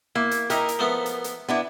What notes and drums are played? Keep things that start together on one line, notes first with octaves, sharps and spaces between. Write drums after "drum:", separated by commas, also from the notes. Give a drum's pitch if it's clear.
A#3 E4
drum: hi-hat
D#4 E4 G4 A#4, drum: hi-hat
drum: hi-hat
F3 A3 B3
drum: hi-hat
drum: hi-hat
B3 D4 E4